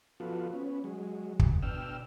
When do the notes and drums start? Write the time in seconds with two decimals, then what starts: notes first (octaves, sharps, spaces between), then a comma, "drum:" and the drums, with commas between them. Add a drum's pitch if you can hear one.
0.20 F3 B3 F4 F#4 A4
0.53 B3 C#4
0.84 F#3 G#3
1.39 drum: kick
1.63 B2 D4 G5 E6 F6